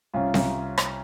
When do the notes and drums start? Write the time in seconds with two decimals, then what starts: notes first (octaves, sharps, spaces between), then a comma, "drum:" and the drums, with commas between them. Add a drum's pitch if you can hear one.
0.14 C2 C#4 F4
0.34 C2, drum: snare C4
0.78 drum: rim click